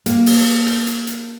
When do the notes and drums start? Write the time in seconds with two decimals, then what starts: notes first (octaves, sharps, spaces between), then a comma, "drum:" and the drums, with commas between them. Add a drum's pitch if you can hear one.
0.06 A#3, drum: hi-hat
0.26 drum: open hi-hat
0.67 drum: rim click
0.87 drum: hi-hat
1.07 drum: hi-hat